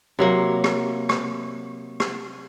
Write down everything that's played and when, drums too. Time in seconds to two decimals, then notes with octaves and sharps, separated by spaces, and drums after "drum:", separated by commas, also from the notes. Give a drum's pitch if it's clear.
0.19 C3 F#3 A#3
0.64 drum: rim click
1.09 drum: rim click
2.00 drum: rim click